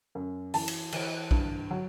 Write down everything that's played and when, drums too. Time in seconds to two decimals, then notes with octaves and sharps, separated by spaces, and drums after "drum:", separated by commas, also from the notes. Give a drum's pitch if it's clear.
0.15 F#2
0.54 E3 A5, drum: open hi-hat
0.68 drum: cymbal
0.92 E3, drum: cymbal
1.31 G2, drum: kick
1.71 F#3